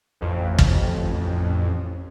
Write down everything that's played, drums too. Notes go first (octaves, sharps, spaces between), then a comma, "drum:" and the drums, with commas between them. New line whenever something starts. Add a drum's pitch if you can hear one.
A1 F2
drum: kick